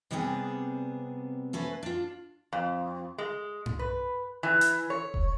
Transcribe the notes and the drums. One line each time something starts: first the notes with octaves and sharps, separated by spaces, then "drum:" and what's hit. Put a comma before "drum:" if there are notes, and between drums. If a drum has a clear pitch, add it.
C3 G3 B3 C4 D4 G#4
A3 C#4 B4 C5
D4 F4
F2
G#3
drum: tom G2
B4
E3
drum: hi-hat
C#5
drum: kick E1